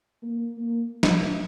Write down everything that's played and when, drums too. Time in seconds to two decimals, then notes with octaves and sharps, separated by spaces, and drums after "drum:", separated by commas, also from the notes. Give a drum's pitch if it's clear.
0.23 A#3
0.57 A#3
1.03 drum: snare